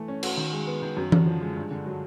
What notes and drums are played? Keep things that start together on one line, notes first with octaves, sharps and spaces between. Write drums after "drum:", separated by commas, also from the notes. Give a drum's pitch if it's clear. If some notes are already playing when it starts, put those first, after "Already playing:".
Already playing: E3 A3
C#4
F#4, drum: cymbal
D#3
G#3
B3
D#3
F#2
D3, drum: tom E3
F3
G#3
G2
D3
F#3